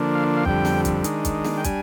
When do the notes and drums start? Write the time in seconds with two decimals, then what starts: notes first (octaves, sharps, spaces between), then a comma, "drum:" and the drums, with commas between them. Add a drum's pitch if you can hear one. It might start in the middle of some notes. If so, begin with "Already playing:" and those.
Already playing: D3 F3 A#3 D4
0.15 F5
0.37 F5
0.45 F2 D3 G3 G5, drum: kick
0.65 drum: snare
0.85 drum: kick, hi-hat
1.04 D#3 G#3 D4, drum: hi-hat
1.25 drum: kick, hi-hat
1.45 drum: snare
1.57 G5
1.64 G3 D4 G#5, drum: kick, hi-hat